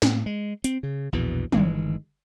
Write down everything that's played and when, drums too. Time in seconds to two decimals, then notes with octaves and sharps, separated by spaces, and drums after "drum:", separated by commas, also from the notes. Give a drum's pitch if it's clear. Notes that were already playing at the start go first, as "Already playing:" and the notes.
0.02 A2, drum: snare
0.26 G#3
0.64 C4, drum: hi-hat
0.83 C#3
1.12 A#1 E2 B2 E3
1.52 G1 D#3 E3 G#3, drum: tom